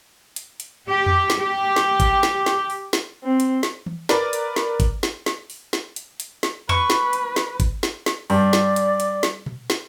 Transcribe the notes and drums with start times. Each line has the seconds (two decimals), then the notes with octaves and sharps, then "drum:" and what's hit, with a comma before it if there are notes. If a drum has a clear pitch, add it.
0.36 drum: hi-hat
0.60 drum: hi-hat
0.89 G4
1.06 drum: tom E2
1.30 drum: snare
1.39 G4
1.76 drum: snare
2.00 drum: kick, hi-hat
2.23 drum: snare
2.46 drum: snare
2.70 drum: open hi-hat
2.93 drum: snare
3.23 C4
3.40 drum: hi-hat
3.63 drum: snare
3.86 drum: tom
4.09 A#4 B4 D5, drum: snare
4.33 drum: hi-hat
4.56 drum: snare
4.80 drum: kick, hi-hat
5.03 drum: snare
5.26 drum: snare
5.50 drum: open hi-hat
5.73 drum: snare
5.96 drum: hi-hat
6.20 drum: hi-hat
6.43 drum: snare
6.69 B4 C#6, drum: tom E2
6.90 drum: snare
7.13 drum: hi-hat
7.36 drum: snare
7.60 drum: kick, hi-hat
7.83 drum: snare
8.06 drum: snare
8.30 G2 D5, drum: open hi-hat
8.53 drum: snare
8.76 drum: hi-hat
9.00 drum: hi-hat
9.23 drum: snare
9.46 drum: tom A#2
9.70 drum: snare